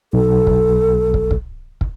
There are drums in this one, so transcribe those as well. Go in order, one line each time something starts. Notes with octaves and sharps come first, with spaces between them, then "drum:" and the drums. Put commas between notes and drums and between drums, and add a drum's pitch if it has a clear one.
B1 A4
drum: kick
drum: kick
drum: kick
drum: kick